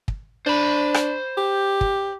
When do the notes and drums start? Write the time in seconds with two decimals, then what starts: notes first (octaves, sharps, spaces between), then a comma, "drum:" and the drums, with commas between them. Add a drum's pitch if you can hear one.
0.08 drum: kick
0.46 D4 C5 B5
0.94 drum: rim click
1.38 G4
1.81 drum: kick